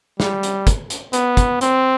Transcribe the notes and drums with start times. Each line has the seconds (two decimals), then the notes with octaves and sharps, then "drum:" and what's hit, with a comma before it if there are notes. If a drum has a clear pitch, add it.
0.20 G3, drum: snare
0.43 drum: hi-hat
0.67 drum: kick, hi-hat
0.90 drum: hi-hat
1.13 B3, drum: hi-hat
1.37 drum: kick, hi-hat
1.61 C4, drum: hi-hat